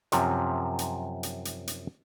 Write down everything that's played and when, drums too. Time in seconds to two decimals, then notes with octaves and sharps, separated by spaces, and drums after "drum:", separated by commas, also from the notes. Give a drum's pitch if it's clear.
0.12 F#2 C3 F3, drum: hi-hat
0.79 drum: hi-hat
1.23 drum: hi-hat
1.45 drum: hi-hat
1.67 drum: hi-hat